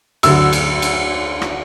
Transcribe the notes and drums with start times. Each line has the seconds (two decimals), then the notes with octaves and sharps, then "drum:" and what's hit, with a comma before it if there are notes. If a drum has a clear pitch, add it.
0.23 D2 D3 F#3 E6, drum: cymbal
0.53 drum: cymbal
0.82 drum: cymbal
1.42 drum: rim click